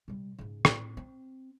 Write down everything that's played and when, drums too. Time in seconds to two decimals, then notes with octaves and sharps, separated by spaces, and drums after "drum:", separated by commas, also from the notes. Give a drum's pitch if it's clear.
0.08 C3 G3
0.39 G#2 C#3
0.65 A2 C4, drum: rim click
0.97 C4